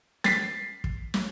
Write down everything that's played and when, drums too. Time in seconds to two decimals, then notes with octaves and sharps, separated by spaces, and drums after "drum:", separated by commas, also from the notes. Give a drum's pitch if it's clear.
0.24 A6 B6 C7, drum: snare
0.84 drum: kick
1.14 drum: snare